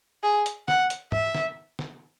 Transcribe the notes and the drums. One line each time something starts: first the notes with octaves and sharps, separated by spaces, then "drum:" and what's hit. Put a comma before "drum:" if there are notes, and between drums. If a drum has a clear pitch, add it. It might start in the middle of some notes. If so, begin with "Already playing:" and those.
G#4
drum: hi-hat
F#5, drum: snare
drum: hi-hat
E5, drum: tom
drum: snare
drum: snare